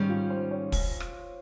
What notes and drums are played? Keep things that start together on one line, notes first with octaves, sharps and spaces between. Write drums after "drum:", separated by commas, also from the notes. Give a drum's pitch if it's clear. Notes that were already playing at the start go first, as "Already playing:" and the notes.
Already playing: G#2 D#3 G3 C#4
F4
C5
C#5
drum: kick, open hi-hat
drum: rim click